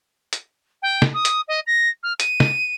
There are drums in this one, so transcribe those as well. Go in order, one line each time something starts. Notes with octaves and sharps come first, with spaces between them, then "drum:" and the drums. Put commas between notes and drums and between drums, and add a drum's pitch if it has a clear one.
drum: hi-hat
G5
drum: snare
D#6
drum: hi-hat
D#5
A#6
F6
D#7, drum: hi-hat
drum: snare